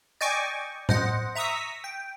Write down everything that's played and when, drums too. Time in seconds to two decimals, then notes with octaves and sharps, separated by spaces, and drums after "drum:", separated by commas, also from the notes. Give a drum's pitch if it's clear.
0.21 D5 D#5 G5 G#5 C#6 D6
0.89 C5 D#5 F#5, drum: tom A2
1.35 E5 A#5 C#6 D#6 E6 B6
1.84 G5